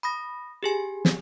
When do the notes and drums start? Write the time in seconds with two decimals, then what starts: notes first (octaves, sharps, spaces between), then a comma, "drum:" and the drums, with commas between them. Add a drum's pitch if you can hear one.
0.03 B5 D#6 A#6
0.63 G4 G#4 G#5
1.05 drum: snare